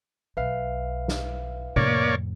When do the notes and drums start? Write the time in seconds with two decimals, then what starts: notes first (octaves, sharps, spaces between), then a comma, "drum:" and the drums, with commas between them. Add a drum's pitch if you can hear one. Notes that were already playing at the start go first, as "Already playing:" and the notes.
0.37 B1 B4 E5 F5
1.08 drum: snare
1.76 F2 A2 A#3 C#5 D5, drum: tom C3